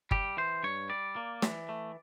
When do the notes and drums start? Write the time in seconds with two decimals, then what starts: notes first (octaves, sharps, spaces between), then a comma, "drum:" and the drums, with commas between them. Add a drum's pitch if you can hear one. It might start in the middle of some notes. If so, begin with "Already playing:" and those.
0.11 G3 G4, drum: kick G1
0.37 E3 C5
0.63 G2 C#5
0.89 G3 D5
1.16 A#3
1.42 E3, drum: snare
1.69 A3